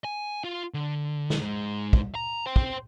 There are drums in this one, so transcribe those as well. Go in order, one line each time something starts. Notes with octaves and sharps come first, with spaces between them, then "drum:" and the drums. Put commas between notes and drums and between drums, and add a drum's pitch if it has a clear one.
G#5
F4 F5
D3
drum: snare
G#2 G#3
drum: kick
A#5
C5 G5
drum: kick